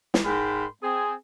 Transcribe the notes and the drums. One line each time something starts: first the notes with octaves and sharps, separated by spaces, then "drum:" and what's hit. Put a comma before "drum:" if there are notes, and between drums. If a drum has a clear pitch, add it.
drum: snare
G#2 G#3 A#4 G5 B5 C6
C4 G#4 G#5